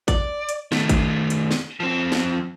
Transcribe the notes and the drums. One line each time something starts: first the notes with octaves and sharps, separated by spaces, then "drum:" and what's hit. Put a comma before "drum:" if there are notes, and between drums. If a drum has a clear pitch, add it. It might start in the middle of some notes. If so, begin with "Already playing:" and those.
D5, drum: kick, hi-hat
drum: hi-hat
D#3 A3, drum: snare
drum: kick, hi-hat
drum: hi-hat
drum: snare
F3 C4
drum: snare